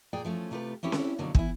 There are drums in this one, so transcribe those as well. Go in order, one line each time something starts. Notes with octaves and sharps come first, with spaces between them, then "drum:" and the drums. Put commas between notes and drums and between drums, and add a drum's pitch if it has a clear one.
A#2 G#4 D5 G5
F3 A3 C#4
C3 A3 F4 G4 B4
C4 C#4 E4 G4 A4
drum: snare C#4
B2 D3 F3 F#3 A#3
E3 E4, drum: kick